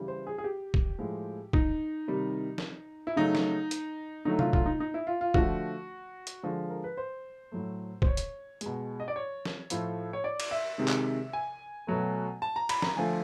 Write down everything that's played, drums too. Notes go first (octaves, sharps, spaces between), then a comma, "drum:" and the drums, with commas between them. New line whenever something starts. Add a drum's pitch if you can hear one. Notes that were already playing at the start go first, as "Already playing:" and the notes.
Already playing: C#3 E3 G3
C5
G#4
G#4
G4
drum: kick
A2 F3 G#3
D#4, drum: kick
C3 D#3 G3
drum: snare
E4
C#3 F#3 A3 D#4
drum: snare
drum: hi-hat
D3 F#3 A3 D#4
F4, drum: tom C3
F4, drum: kick
D#4
D#4
E4
F4
F4
D3 F3 A3 F#4, drum: kick
drum: hi-hat
D3 F3 G#3
A#4
B4
C5
A2 F#3 A3
C5, drum: kick
C#5
drum: hi-hat
B2 G#3, drum: hi-hat
D#5
D5
C#5
drum: snare
A2 F3 A3, drum: hi-hat
C#5
D5
drum: cymbal
E5
C3 D#3 G#3
drum: clap
G#5
B2 F#3 A3
A5
A#5
B5, drum: cymbal
A#5, drum: snare
D3 F3 A3 G#5